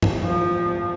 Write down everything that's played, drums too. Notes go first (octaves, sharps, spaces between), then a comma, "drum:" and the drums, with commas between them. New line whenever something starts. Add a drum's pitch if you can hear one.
drum: tom G2
F3